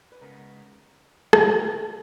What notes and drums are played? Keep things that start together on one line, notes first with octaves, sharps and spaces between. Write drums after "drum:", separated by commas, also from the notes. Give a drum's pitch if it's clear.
B4
C#2 C#3 G#3 B3 D#4 A#4
C#2 C#3 F3 G#3 B4, drum: rim click